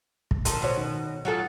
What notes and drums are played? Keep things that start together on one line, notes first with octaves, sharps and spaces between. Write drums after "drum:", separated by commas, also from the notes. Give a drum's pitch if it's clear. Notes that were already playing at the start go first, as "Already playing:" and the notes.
drum: kick
D3 D#3 A5 C6, drum: hi-hat
B2 C5 C#5 C6
D#3
F#3 F4 A4 F#5 G#5 D#6